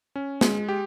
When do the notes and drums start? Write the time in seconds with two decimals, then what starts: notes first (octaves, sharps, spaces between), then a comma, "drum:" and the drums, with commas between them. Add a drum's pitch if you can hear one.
0.16 C#4
0.41 G#3, drum: snare
0.69 G4